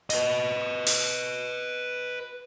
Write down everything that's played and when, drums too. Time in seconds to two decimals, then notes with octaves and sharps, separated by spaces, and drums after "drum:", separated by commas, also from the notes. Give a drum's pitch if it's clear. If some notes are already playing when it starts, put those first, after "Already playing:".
0.10 B4 D#5, drum: hi-hat
0.87 drum: open hi-hat